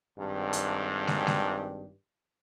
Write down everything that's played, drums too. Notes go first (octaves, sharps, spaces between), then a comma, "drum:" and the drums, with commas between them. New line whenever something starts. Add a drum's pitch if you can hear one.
G#1 G2
drum: hi-hat
drum: snare
drum: snare